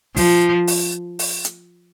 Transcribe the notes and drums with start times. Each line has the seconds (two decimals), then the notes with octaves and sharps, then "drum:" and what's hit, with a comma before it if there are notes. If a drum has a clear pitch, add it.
0.17 F3, drum: kick, open hi-hat
0.67 drum: open hi-hat
1.19 drum: open hi-hat
1.45 drum: hi-hat